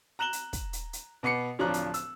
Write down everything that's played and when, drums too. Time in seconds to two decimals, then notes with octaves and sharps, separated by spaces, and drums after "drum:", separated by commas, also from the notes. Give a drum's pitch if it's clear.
0.19 A#5 F#6 E7 F#7 G7
0.33 drum: hi-hat
0.53 drum: kick, hi-hat
0.73 drum: hi-hat
0.93 drum: hi-hat
1.23 B2 B3 D6 C7 C#7
1.59 D1 F3 D4 C#5 A#5 F#6
1.74 drum: hi-hat
1.94 E6, drum: hi-hat